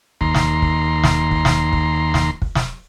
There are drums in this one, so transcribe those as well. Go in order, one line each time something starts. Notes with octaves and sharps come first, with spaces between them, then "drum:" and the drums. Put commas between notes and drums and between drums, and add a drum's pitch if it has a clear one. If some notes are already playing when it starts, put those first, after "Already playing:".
D#2 A#5 C6, drum: kick
drum: snare
drum: kick
drum: snare
drum: kick
drum: snare
drum: kick
drum: snare
drum: kick
drum: snare